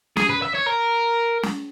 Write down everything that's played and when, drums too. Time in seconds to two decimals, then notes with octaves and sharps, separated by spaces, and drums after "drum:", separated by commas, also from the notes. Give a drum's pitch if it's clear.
0.17 G#4, drum: snare
0.29 B4
0.42 E5
0.55 C#5
0.67 A#4
1.43 drum: snare